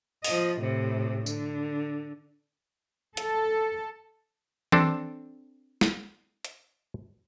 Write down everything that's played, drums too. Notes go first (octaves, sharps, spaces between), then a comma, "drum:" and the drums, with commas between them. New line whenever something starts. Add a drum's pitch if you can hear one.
F3 D#5, drum: open hi-hat
A2 C3
D3, drum: tambourine
A4, drum: hi-hat
C4 D4 A4, drum: tom E3
drum: snare
drum: hi-hat